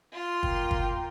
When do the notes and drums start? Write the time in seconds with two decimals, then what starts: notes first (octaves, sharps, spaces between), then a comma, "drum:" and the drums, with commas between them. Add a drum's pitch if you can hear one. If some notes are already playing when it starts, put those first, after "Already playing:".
0.13 F4 C6
0.43 A#3 G5, drum: kick
0.71 drum: kick